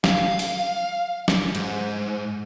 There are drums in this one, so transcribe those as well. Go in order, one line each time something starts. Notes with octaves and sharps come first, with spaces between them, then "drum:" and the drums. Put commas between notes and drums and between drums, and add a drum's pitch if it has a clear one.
F5, drum: snare
drum: open hi-hat
drum: snare
G#2, drum: hi-hat